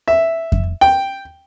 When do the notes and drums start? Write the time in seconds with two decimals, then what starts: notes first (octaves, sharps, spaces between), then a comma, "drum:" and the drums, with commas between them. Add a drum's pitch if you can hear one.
0.08 E5
0.52 drum: kick F2
0.81 G5